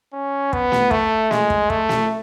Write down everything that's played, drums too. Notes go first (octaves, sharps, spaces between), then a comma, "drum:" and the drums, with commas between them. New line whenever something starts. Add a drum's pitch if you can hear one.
C#4
B3, drum: kick
drum: snare
A3, drum: kick
G#3, drum: snare
drum: kick
A3, drum: kick
drum: snare